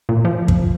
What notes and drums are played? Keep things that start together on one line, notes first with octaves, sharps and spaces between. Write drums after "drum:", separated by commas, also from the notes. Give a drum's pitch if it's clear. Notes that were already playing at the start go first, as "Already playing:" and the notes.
A#2
F3
drum: kick